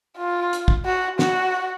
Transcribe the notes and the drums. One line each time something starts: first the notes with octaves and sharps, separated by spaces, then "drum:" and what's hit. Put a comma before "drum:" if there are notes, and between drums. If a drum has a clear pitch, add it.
F4
drum: hi-hat
drum: kick
F#4
F#4, drum: snare